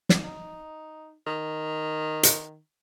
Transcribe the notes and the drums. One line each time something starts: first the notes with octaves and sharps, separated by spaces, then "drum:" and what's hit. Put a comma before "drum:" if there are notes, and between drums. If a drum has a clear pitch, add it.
drum: snare
D#4
D#3
drum: hi-hat